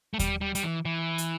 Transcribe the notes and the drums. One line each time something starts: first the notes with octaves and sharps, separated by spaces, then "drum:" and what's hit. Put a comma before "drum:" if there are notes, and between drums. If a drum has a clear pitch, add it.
A3
G3, drum: kick D#2, hi-hat
G3
G3, drum: hi-hat
E3
E3
drum: hi-hat